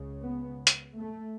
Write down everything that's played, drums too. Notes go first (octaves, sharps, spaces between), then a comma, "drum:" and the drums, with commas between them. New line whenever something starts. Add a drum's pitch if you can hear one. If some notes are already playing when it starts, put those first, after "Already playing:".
Already playing: C#2 C#3
B3
drum: hi-hat
A3